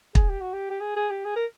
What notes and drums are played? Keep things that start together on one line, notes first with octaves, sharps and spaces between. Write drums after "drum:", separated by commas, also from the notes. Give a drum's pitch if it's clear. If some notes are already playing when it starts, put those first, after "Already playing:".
G#4, drum: kick
G4
F#4
G4
G4
G#4
G#4
G4
G#4
A#4